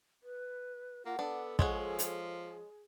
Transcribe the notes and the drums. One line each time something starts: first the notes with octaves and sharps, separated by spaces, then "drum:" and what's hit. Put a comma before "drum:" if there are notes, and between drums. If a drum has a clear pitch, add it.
B4
A#3 F4 F#5
B3 D4 A4
F3 G#3 G#4 C#5 F#5, drum: kick
drum: hi-hat
G#4